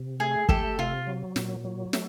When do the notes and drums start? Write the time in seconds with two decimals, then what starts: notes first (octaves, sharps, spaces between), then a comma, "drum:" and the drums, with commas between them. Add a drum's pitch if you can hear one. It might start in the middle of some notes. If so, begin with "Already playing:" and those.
Already playing: C3
0.20 A3 G#4
0.49 A3 G4 A4, drum: kick
0.78 C3 F4
1.07 F#3
1.36 A#2, drum: snare
1.64 F#3
1.93 A3, drum: snare